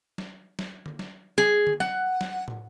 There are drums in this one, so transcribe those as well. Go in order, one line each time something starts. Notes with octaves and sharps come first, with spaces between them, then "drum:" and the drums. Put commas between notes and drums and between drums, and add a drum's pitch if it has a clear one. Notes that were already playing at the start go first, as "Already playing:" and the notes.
drum: snare
drum: snare
drum: tom D3
drum: snare
G#4, drum: snare
drum: tom D3
F#5, drum: snare
drum: snare
drum: tom